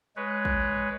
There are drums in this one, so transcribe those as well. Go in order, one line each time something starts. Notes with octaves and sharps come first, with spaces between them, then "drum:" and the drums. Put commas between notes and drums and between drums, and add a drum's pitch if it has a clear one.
G#3 B4 C#5
drum: kick